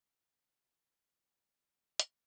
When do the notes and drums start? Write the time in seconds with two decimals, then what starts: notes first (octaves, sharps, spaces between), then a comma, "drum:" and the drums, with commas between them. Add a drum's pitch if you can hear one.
0.17 C3
0.64 G2
1.12 F2
2.00 drum: hi-hat